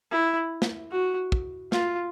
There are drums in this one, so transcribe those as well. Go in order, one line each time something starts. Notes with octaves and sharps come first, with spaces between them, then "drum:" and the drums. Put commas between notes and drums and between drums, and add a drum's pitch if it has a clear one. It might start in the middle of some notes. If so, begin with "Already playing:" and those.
E4
drum: snare
F#4
drum: kick
F4, drum: snare